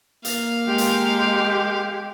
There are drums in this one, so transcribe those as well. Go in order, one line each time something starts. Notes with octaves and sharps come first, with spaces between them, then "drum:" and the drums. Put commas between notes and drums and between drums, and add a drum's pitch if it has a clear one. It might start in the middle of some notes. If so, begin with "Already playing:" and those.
A#3 F5, drum: hi-hat
G#3 G4
drum: hi-hat